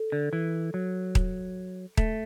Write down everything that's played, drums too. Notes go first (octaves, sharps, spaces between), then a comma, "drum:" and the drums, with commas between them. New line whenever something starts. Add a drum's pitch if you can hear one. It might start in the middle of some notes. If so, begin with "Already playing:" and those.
Already playing: A4
D3
E3
F#3
drum: kick D#1
A3, drum: kick D#1